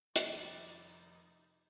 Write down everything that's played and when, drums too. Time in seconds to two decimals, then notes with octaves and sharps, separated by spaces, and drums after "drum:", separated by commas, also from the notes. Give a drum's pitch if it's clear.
0.16 F1 D#3 G3 D#4 D5 B6 E7, drum: hi-hat